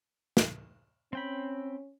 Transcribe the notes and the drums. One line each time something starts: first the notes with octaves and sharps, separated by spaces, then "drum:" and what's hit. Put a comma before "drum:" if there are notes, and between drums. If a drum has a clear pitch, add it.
drum: snare
C4 C#4 G5 B5